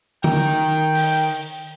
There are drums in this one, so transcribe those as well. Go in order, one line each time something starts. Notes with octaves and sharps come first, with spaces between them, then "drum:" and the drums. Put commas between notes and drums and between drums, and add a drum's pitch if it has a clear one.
D#3 A#4 G5, drum: tom
drum: open hi-hat